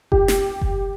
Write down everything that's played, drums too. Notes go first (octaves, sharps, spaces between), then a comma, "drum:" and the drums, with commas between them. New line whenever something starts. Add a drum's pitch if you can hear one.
G4, drum: kick F#1
drum: snare
drum: kick F#1